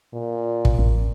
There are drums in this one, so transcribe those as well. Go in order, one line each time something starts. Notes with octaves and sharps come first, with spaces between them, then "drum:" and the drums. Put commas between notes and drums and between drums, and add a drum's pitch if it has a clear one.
A#2
drum: kick
A1